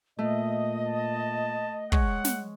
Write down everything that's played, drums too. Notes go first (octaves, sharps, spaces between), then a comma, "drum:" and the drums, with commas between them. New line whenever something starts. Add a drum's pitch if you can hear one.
A#2 A3 D#5
A5
G#3 C#5 F#5, drum: kick
drum: snare